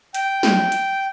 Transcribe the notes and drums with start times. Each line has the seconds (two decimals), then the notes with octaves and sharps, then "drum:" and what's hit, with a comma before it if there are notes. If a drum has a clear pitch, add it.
0.14 G5, drum: hi-hat
0.43 drum: snare
0.72 drum: hi-hat